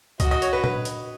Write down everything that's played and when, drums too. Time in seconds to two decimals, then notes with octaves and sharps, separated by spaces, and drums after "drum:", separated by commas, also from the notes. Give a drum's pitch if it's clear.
0.20 F#4 D#5, drum: kick C#2, hi-hat
0.31 D#5
0.42 C#5, drum: hi-hat
0.53 B4
0.64 B4, drum: tom A#2
0.85 drum: hi-hat